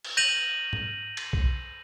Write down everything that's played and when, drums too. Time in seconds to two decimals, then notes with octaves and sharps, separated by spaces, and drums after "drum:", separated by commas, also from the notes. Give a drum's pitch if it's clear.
0.05 drum: cymbal
0.17 G6 A#6 D#7 F7 F#7
0.73 drum: tom G#2
1.17 drum: cymbal
1.33 drum: kick B1